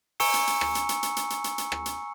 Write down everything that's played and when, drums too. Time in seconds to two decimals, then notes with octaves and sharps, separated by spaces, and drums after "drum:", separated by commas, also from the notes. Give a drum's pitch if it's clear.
0.20 G#5 A#5 C#6 E6 C#7, drum: open hi-hat
0.34 drum: hi-hat
0.47 drum: hi-hat
0.61 drum: rim click
0.75 drum: hi-hat
0.89 drum: hi-hat
1.03 drum: hi-hat
1.16 drum: hi-hat
1.30 drum: hi-hat
1.44 drum: hi-hat
1.58 drum: hi-hat
1.72 drum: rim click
1.86 drum: hi-hat